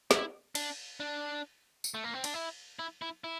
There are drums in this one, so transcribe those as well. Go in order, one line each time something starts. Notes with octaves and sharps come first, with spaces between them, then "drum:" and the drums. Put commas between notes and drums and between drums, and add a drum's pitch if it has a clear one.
E4, drum: snare
D4, drum: cymbal
D4
drum: tambourine
A3
A#3
C4
D4, drum: cymbal
E4
E4
E4
E4